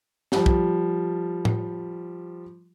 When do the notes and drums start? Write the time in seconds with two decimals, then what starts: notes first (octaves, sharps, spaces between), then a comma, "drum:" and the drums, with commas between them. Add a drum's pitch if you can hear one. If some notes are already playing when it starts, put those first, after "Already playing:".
0.32 F3 G3, drum: snare
0.46 drum: kick
1.45 drum: tom A2